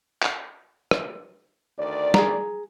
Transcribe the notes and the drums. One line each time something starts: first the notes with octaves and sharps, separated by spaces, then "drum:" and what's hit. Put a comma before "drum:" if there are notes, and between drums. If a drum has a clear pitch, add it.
drum: clap
drum: rim click
D2 D#3 D5
G#4 A#5, drum: snare